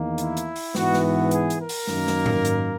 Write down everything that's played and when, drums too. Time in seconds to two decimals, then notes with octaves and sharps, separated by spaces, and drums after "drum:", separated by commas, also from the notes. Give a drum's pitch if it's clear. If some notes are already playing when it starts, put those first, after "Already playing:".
Already playing: E2 D#3 A#3
0.18 E4, drum: hi-hat
0.37 drum: hi-hat
0.56 drum: open hi-hat
0.75 G#2 E3 B3 F#4, drum: snare
0.93 drum: snare
1.03 F#4
1.31 G#4, drum: hi-hat
1.50 drum: hi-hat
1.60 A#4
1.69 drum: open hi-hat
1.87 F#2 D#3 A#3, drum: snare
2.07 drum: snare
2.26 drum: tom G#2
2.45 drum: hi-hat